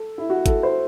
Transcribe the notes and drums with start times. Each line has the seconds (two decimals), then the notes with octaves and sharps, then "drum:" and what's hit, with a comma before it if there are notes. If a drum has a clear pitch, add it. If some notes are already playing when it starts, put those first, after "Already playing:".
Already playing: A4
0.18 E4
0.30 F#4
0.46 A4, drum: kick G1, hi-hat
0.63 C5